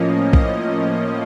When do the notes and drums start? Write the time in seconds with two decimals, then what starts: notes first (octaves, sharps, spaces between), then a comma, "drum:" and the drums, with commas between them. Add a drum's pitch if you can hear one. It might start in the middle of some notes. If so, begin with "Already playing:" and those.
Already playing: A2 F3 A#3 C#4 D#5
0.33 D#5, drum: kick A#1